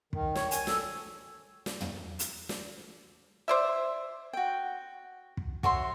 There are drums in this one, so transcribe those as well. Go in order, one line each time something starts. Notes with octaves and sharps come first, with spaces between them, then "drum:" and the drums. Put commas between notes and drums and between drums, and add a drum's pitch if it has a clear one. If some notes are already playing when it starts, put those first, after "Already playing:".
D#3, drum: kick
C#5, drum: snare
G#5, drum: hi-hat
A4, drum: snare
drum: snare
drum: tom
drum: hi-hat
drum: snare
C5 D5 E5
F#4 G5
drum: kick
F#4 C#5 E5 C6, drum: kick